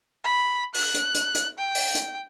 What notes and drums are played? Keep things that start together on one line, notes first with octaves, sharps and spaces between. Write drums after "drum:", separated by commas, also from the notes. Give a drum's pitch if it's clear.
B5
F#6, drum: open hi-hat
drum: hi-hat
drum: hi-hat
drum: hi-hat
G5
drum: open hi-hat
drum: hi-hat